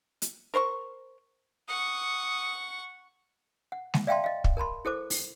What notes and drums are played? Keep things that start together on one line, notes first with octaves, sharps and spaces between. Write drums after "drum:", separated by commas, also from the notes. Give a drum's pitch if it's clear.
drum: hi-hat
A#4 C5 C6 C#6
F#5 C#6 D#6
F#5
drum: snare G#3
D5 E5 F5 G5 A5 C6
D#5 F5
drum: kick
A#4 A5 B5 C6
E4 A4 C5 D6
drum: open hi-hat